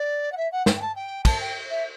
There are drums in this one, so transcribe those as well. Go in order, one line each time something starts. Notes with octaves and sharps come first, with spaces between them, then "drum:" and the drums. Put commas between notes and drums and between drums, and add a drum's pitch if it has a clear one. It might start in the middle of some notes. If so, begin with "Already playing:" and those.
Already playing: D5
F#5
E5
F#5
G5, drum: snare
G5
A5
G5
A5, drum: kick, cymbal
G5
E5